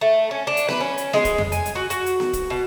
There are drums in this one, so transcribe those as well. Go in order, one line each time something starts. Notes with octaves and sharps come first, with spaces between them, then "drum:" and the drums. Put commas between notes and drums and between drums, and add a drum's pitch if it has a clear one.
A3
C#4
D4
drum: hi-hat
B4, drum: snare B3
C#4
drum: hi-hat
G#3, drum: snare B3
drum: kick, hi-hat
drum: tom F2
G#5, drum: hi-hat
drum: hi-hat
F#4
F#4, drum: hi-hat
drum: hi-hat
drum: snare B3
drum: kick, hi-hat
B2